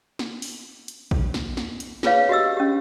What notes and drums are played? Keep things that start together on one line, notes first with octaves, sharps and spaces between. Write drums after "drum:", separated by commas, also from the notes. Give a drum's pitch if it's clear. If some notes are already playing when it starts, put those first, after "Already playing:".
drum: snare
drum: open hi-hat
drum: hi-hat
drum: kick A#1
drum: snare
drum: snare
drum: hi-hat
F4 G#4 B4 C#5 F5, drum: snare
F#4 G4 D#5 E6
C#4 G4